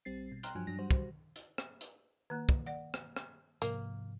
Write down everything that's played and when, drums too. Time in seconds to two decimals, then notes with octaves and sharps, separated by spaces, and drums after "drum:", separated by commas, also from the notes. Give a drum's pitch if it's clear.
0.05 A#1 G3 C4 A6 C7
0.32 B2
0.43 G5 A#5 C6 F6 F#6, drum: hi-hat
0.55 G2 F3 F#3 D4 G#5 F#6
0.67 G2 F#3 D4 A#6
0.79 G3 F#4 C5
0.91 drum: kick
1.36 drum: hi-hat
1.58 drum: rim click
1.81 drum: hi-hat
2.30 D#3 A#3
2.49 drum: kick
2.66 D5 F#5
2.94 drum: rim click
3.16 drum: rim click
3.62 G#2 C3 F3 A#3, drum: hi-hat